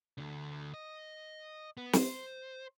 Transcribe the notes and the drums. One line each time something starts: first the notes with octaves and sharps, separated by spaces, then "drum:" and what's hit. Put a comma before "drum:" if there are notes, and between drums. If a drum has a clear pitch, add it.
D2 D3
D#5
B3
C5, drum: snare